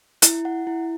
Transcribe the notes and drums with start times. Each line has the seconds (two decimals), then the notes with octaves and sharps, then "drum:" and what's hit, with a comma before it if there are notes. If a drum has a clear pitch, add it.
0.22 E4, drum: hi-hat
0.45 F#5
0.67 E4